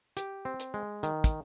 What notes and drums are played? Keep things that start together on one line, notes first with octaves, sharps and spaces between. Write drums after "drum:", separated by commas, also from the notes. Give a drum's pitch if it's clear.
G4, drum: hi-hat
C4
drum: hi-hat
G#3
D#3, drum: hi-hat
drum: kick, hi-hat